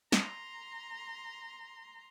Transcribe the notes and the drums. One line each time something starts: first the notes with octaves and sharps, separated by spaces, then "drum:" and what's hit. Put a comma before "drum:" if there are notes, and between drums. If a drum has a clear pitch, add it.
A#5 C6, drum: snare